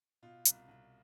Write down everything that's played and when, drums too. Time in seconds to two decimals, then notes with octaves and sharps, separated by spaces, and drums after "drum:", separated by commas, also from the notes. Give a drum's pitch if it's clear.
0.22 B2 F4
0.45 C2, drum: hi-hat
0.68 C2